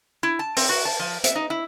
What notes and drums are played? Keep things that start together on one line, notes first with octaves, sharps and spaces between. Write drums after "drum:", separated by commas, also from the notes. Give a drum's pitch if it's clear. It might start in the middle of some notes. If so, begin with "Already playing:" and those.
E4
A5
C4, drum: open hi-hat
F#4
A5
F3
E5, drum: hi-hat
D#4
E4